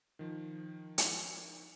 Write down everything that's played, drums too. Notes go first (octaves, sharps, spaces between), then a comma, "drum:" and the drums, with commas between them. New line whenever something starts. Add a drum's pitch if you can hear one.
D#3 F3
drum: hi-hat